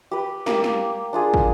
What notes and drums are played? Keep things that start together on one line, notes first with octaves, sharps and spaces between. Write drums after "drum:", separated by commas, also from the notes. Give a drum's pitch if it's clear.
G4 B4
A#3 G4, drum: snare
drum: snare
D4 F4 G#4
drum: kick